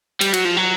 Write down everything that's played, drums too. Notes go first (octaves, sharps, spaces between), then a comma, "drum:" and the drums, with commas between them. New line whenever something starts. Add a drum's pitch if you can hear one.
G3, drum: cymbal
F#3, drum: cymbal
F3
F#3